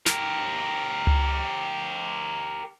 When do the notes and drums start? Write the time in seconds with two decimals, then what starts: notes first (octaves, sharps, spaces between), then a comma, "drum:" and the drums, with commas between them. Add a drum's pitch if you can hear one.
0.06 G4 A#4, drum: snare
1.07 drum: tom C#2